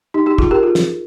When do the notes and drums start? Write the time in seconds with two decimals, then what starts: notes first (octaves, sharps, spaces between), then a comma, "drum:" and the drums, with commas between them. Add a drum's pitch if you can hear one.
0.14 D#4 G4
0.26 D#4 G4
0.38 F4 G#4, drum: kick
0.51 G4 A#4
0.63 F4 G#4
0.75 drum: snare